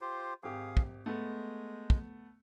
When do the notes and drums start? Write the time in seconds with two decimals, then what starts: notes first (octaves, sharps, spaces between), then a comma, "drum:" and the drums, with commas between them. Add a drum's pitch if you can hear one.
0.01 F4 G4 C5
0.43 G#1 G4 G#4 F5
0.77 drum: kick
1.06 G#3 A3 B3
1.90 drum: kick